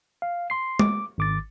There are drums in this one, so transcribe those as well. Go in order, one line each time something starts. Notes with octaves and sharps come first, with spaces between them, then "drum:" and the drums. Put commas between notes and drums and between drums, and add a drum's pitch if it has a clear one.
F5
C6 C7
D6, drum: tom G#3
G#1 D6 A6